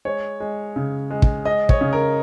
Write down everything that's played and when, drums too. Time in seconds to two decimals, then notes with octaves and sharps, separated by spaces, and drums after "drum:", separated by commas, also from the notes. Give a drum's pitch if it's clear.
0.05 G#3 C#5
0.40 G#3
0.76 C#3
1.11 G#3
1.22 drum: kick
1.45 G#3 D#5
1.69 C#5, drum: kick
1.81 C#3
1.93 A#4